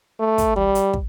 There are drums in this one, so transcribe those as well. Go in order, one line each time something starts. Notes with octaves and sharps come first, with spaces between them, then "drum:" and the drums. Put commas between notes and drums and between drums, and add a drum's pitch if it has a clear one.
A3
drum: kick, hi-hat
G3, drum: tom
drum: hi-hat
drum: kick